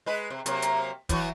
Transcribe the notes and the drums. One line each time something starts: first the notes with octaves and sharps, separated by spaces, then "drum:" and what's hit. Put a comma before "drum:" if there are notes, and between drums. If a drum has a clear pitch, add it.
G#3 B4
C3
C3 F#3 A#3, drum: hi-hat
drum: hi-hat
E3 F#3 F#4, drum: kick, hi-hat